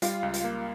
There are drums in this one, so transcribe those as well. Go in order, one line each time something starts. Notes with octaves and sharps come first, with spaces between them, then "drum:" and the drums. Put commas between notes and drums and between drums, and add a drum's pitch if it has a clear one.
G3 F4, drum: hi-hat
C#2
drum: hi-hat
A#3